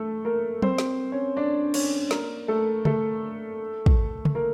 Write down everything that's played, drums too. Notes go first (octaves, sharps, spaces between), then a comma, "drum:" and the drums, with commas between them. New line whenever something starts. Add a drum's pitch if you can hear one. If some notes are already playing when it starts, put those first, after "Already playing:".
Already playing: A3 A4
A#3 A#4
C4 C5, drum: tom F#3
drum: snare
C#4 C#5
D4 D5
C#4 C#5, drum: cymbal
A#3 A#4, drum: snare
A3 A4
A3 A4, drum: tom C#3
drum: kick
drum: tom C#3
A#3 A#4